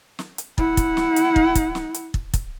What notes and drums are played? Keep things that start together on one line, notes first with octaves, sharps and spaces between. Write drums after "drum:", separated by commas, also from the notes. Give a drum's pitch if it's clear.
drum: snare
drum: hi-hat
E4 F#5, drum: kick
drum: kick, hi-hat
drum: snare
drum: hi-hat
drum: kick
drum: kick, hi-hat
drum: snare
drum: hi-hat
drum: kick
drum: kick, hi-hat